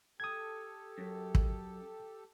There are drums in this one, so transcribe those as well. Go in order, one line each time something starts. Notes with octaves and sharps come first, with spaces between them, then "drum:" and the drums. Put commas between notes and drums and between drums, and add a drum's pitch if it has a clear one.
G4 A4 D#6 G#6
F#2
drum: kick